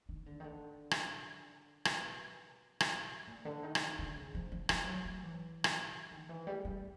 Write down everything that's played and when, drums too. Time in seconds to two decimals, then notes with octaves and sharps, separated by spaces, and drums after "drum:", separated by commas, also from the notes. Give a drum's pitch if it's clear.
0.09 D#3
0.26 D3
0.40 D#3
0.44 D3
0.91 drum: rim click
1.85 B2, drum: rim click
2.80 drum: rim click
3.27 A#2
3.45 D3
3.63 D#3
3.75 drum: rim click
3.99 D3
4.16 C#3
4.35 F3
4.52 F3
4.69 F3, drum: rim click
4.88 F#3
5.05 F#3
5.23 E3
5.64 drum: rim click
6.11 D#3
6.29 E3
6.47 G3
6.65 G3